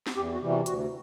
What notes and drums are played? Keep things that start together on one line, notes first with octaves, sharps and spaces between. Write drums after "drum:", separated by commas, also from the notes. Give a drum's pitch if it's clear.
drum: snare B3
E2 G4
F#4
C3 E3 G3
F#4
D2 F#4, drum: hi-hat